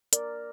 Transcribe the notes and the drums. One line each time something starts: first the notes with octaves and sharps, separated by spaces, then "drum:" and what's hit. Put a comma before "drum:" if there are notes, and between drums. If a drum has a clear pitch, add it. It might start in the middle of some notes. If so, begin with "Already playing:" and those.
A#4 D5, drum: hi-hat